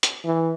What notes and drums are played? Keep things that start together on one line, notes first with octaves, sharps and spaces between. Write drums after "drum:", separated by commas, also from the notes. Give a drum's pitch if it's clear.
drum: hi-hat
E3